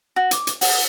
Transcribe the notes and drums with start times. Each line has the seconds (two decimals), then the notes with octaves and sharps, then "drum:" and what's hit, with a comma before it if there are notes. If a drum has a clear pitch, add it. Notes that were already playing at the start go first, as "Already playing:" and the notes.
0.16 F#4
0.31 D6, drum: hi-hat
0.47 drum: hi-hat
0.61 F#5, drum: open hi-hat